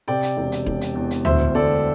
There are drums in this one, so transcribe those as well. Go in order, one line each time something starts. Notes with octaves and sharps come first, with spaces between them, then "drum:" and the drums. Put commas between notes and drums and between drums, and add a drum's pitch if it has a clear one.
C3 D5 G5
drum: hi-hat
E1
drum: hi-hat
E1, drum: kick E1
drum: hi-hat
E2
drum: hi-hat
D2 C5 E5, drum: tom D2
D2 A4 D5